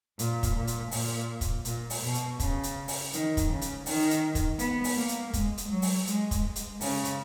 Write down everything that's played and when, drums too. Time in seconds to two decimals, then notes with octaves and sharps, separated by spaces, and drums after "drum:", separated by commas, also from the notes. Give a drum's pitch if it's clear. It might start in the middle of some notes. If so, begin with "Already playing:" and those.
0.19 A#2, drum: hi-hat
0.43 drum: kick, hi-hat
0.55 A#2
0.67 drum: hi-hat
0.91 A#2, drum: open hi-hat
1.41 drum: kick, hi-hat
1.65 A#2, drum: hi-hat
1.90 drum: open hi-hat
2.02 B2
2.14 drum: hi-hat
2.40 C#3, drum: kick, hi-hat
2.63 drum: hi-hat
2.88 drum: open hi-hat
3.13 D#3, drum: hi-hat
3.37 drum: kick, hi-hat
3.50 C#3
3.61 drum: hi-hat
3.86 D#3, drum: open hi-hat
4.10 drum: hi-hat
4.35 drum: kick, hi-hat
4.59 B3, drum: hi-hat
4.84 drum: open hi-hat
4.97 A#3
5.09 drum: hi-hat
5.33 G#3, drum: kick, hi-hat
5.58 drum: hi-hat
5.69 F#3
5.82 drum: open hi-hat
6.07 G#3, drum: hi-hat
6.31 drum: kick, hi-hat
6.43 G#3
6.56 drum: hi-hat
6.81 C#3, drum: open hi-hat
7.05 drum: hi-hat